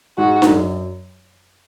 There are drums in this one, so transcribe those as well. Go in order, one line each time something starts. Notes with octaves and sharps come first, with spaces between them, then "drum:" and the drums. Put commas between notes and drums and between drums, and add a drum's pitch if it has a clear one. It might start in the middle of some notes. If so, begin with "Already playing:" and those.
G#2 F#4
G#2, drum: snare D4
F#2